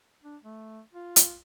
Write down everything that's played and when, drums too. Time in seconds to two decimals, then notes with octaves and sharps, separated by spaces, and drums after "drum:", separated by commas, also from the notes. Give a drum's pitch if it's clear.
0.24 D4
0.44 A3
0.93 F4
1.16 drum: hi-hat